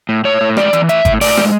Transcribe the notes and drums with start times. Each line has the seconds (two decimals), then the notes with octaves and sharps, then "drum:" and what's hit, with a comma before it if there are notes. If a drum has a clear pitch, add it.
0.09 A2
0.24 A2 C#5
0.41 A2
0.57 G#3 D5, drum: rim click
0.73 E3, drum: hi-hat
0.89 A2 E5, drum: hi-hat
1.05 A2, drum: kick G#1, hi-hat
1.21 A2 D5, drum: open hi-hat
1.37 G#3, drum: rim click